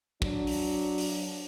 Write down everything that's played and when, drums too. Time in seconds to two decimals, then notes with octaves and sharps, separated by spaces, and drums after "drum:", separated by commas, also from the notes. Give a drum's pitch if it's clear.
0.22 F#3 D4, drum: kick
0.47 drum: open hi-hat
0.98 drum: open hi-hat